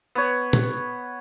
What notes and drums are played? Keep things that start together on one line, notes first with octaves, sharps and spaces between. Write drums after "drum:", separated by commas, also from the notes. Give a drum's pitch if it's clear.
B3 C#5
drum: tom A#2